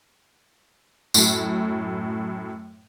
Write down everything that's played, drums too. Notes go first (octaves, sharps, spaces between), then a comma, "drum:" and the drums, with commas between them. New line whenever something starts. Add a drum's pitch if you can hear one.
F#2 A2, drum: tambourine